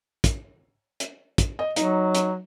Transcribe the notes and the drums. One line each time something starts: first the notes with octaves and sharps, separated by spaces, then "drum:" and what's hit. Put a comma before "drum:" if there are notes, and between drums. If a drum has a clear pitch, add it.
drum: kick, hi-hat
drum: hi-hat
drum: kick, hi-hat
D#5
F#3 D#4, drum: hi-hat
drum: hi-hat